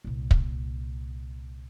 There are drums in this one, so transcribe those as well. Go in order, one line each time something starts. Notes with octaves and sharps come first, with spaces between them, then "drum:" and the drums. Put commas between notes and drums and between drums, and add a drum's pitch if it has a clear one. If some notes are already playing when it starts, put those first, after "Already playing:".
C2 A#2
drum: kick